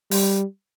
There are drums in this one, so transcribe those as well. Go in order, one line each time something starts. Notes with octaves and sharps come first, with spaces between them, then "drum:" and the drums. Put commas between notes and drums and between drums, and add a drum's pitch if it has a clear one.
G3, drum: open hi-hat